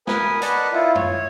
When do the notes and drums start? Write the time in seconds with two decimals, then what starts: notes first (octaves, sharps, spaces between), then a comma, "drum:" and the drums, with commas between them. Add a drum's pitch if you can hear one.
0.07 A#4 B4 G#5 D#6, drum: snare
0.42 B4 D5 D#5 F#5 A5, drum: hi-hat
0.73 E4 F4
0.95 C#5, drum: tom